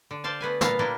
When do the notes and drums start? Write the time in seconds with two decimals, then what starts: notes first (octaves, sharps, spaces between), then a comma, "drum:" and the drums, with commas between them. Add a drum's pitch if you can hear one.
0.11 D3
0.24 C5 D5 F5 A5
0.41 A3 B3 B4 G#5
0.61 A#2 B3 A4 F5 A#5, drum: snare
0.79 G3 A#3 D4 E4 F4